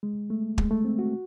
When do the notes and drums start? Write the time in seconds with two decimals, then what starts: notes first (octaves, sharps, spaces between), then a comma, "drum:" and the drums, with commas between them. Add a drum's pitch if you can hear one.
0.03 G#3
0.30 A3
0.58 G#3, drum: kick
0.71 A3
0.85 C4
0.99 F#4